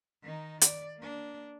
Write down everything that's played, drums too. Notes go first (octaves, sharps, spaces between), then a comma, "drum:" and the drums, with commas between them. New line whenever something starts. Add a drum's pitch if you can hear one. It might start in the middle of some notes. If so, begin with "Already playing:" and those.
D#3 D#4
D5, drum: hi-hat
A#3 D4